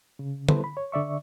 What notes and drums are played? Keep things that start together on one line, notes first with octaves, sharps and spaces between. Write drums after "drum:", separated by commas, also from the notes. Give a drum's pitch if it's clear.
C#3
G3 B3 E4 A4 B4 C5, drum: tom D3
B5
C#5
D3 D5 E5 C#6